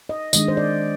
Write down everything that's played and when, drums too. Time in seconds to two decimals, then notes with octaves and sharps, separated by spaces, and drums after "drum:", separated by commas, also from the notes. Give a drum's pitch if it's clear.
0.09 D#5
0.33 D#3 G#3 D4 D#5, drum: tambourine
0.48 C5
0.57 D5